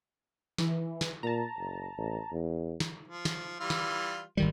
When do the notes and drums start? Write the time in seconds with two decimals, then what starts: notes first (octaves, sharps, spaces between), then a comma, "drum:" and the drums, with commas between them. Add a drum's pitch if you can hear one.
0.58 E3, drum: snare
1.01 drum: snare
1.23 A#2 A5 A#5
1.57 F#1
1.97 A1
2.32 E2
2.80 drum: snare
3.08 F3
3.25 drum: snare
3.60 E3 G3 F4
3.70 drum: snare
4.37 G#1 D#3 G3